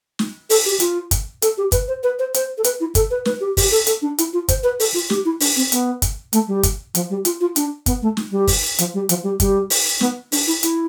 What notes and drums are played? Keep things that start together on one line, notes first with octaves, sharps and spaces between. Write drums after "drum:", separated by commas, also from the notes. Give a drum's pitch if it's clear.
drum: snare
A4, drum: open hi-hat
G4
F4, drum: hi-hat
drum: kick, hi-hat
A4, drum: hi-hat
G4
B4, drum: kick, hi-hat
C5
B4
C5
C5, drum: hi-hat
A4
B4, drum: hi-hat
E4
A4, drum: kick, hi-hat
B4
B4, drum: snare
G4
G4, drum: kick, open hi-hat
A4
A4, drum: hi-hat
D4
E4, drum: hi-hat
F4
C5, drum: kick, hi-hat
B4
A4, drum: open hi-hat
F4
G4, drum: snare
E4
D4, drum: open hi-hat
C4
B3, drum: hi-hat
drum: kick, hi-hat
A3, drum: hi-hat
G3
drum: kick, hi-hat
F3, drum: hi-hat
G3
F4, drum: hi-hat
F4
D4, drum: hi-hat
B3, drum: kick, hi-hat
A3
drum: snare
G3
drum: kick, open hi-hat
F3, drum: hi-hat
G3
F3, drum: hi-hat
G3
G3, drum: kick, hi-hat
drum: open hi-hat
B3, drum: snare
D4, drum: open hi-hat
E4
E4, drum: hi-hat